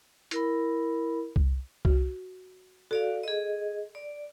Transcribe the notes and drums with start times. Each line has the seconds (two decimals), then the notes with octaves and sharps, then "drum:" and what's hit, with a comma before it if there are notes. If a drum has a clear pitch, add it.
0.31 E4 A#4 B5, drum: hi-hat
1.36 drum: kick C2
1.85 F#4, drum: kick C2
2.91 F#4 A4 D5 F5
3.23 G#4 D#5
3.95 D5